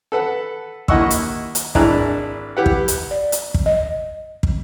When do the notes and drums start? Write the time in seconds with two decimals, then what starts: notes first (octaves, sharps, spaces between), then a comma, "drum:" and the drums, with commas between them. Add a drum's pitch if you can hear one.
0.12 A4 B4 F#5
0.88 D#2 E4 D#5 F#5 C#6 E6, drum: kick
1.10 drum: hi-hat
1.55 drum: hi-hat
1.75 G#1 D4 E4 G#4 A#5 F#6, drum: kick
2.57 E4 G4 B4 F#5
2.66 drum: kick
2.88 drum: hi-hat
3.11 D5
3.32 drum: hi-hat
3.54 drum: kick
3.66 D#5
4.43 drum: kick